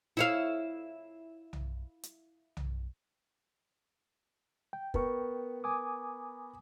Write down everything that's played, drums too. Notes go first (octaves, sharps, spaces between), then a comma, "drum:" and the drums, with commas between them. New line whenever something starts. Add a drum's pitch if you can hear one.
E4 C#5 F5
drum: tom B1
drum: hi-hat
drum: tom B1
G5
B3 A#4 C#6, drum: kick
G#5 D6 D#6